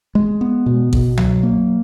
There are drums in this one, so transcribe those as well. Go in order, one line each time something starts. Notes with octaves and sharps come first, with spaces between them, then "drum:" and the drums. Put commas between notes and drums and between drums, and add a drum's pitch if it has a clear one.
G#3
B3
B2
B2, drum: kick A1
F#3, drum: tom
A#3